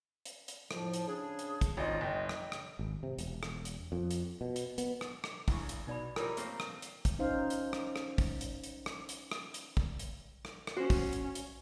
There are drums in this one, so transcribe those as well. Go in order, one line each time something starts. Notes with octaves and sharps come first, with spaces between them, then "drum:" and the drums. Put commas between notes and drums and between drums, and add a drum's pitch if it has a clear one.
drum: hi-hat
drum: hi-hat
F2 A2 F3, drum: rim click
drum: hi-hat
C#3 D4 G#4
drum: hi-hat
drum: kick, hi-hat
G#1 C#4 D#4 F4 D#5
F#1 D#5 G5
drum: rim click
drum: rim click
G#1
C3
E1, drum: hi-hat
drum: rim click
drum: hi-hat
F2
drum: hi-hat
B2
drum: hi-hat
B3, drum: hi-hat
drum: rim click
drum: rim click
B1 E2 D4 E4 C#6, drum: kick, open hi-hat
drum: hi-hat
B2 D#4 D5 B5
E3 G3 D#4 F4 A#4 C#5 D6, drum: rim click
A3 A#3 C4, drum: hi-hat
drum: rim click
drum: hi-hat
drum: kick, hi-hat
C#4 D#4 C5 F5
drum: hi-hat
drum: rim click
drum: rim click
drum: kick, open hi-hat
drum: hi-hat
drum: hi-hat
drum: rim click
drum: hi-hat
drum: rim click
drum: hi-hat
drum: kick
drum: hi-hat
drum: rim click
drum: rim click
C#4 F#4 C5
drum: kick, open hi-hat
drum: hi-hat
drum: hi-hat